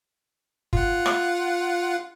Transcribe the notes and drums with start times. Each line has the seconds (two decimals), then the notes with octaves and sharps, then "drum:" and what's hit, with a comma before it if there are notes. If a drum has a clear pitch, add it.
0.73 F4 F#5, drum: kick
1.06 drum: rim click